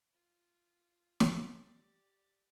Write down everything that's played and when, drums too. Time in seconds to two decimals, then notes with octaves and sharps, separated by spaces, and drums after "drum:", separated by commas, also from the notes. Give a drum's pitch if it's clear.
0.13 F4
1.20 drum: snare
1.58 G4 D5